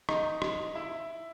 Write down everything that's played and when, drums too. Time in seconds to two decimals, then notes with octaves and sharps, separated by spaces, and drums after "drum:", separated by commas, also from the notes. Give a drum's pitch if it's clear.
0.09 D#4, drum: rim click
0.42 drum: rim click
0.75 E4